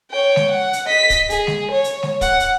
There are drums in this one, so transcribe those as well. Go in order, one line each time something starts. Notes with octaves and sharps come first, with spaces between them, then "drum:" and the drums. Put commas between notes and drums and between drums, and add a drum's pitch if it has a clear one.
C#5 G5
drum: snare G#3
F#5
drum: hi-hat
D#5 B6
drum: kick, hi-hat
G#4, drum: hi-hat
drum: snare G#3
C#5
drum: hi-hat
drum: snare G#3
F#5, drum: kick, hi-hat
drum: hi-hat